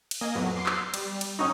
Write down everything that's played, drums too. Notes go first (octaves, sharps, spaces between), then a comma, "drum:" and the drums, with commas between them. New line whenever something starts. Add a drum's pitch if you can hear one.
drum: cymbal
A#3 D#5 G#5
F2 A2 F#3 B3
C6 D6 C7
drum: clap
G3, drum: cymbal
drum: cymbal
F#3 C#4 D#4 C#6 D#6